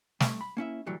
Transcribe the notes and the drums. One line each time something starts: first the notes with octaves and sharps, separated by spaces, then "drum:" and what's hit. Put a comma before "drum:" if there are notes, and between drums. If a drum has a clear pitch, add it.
G3 A3, drum: snare
B5
A#3 C#4 E4 E5
D2 A2 E3 F#3 G3